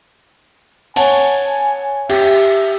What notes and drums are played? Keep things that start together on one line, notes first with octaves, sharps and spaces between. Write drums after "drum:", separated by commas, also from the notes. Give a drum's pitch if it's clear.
C#5 F#5 G#5 A5, drum: open hi-hat
G4 E5, drum: cymbal